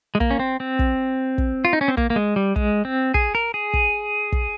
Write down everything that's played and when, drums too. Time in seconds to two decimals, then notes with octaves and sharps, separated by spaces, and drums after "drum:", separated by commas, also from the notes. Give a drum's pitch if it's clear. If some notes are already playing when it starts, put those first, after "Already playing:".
0.15 G#3
0.20 A#3, drum: kick
0.31 C#4
0.39 C4
0.60 C4
0.79 drum: kick
1.38 drum: kick
1.65 F4
1.73 D#4
1.81 C#4
1.88 C4
1.97 A#3, drum: kick
2.10 A#3
2.16 G#3
2.36 G3
2.56 G#3, drum: kick
2.85 C4
3.14 G#4, drum: kick
3.35 A#4
3.54 G#4
3.74 drum: kick
4.32 drum: kick